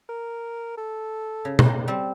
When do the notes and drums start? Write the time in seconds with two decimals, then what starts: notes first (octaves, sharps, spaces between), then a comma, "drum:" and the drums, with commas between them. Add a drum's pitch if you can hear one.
0.09 A#4
0.78 A4
1.45 C#3
1.59 drum: tom B2
1.88 G3 C4 A5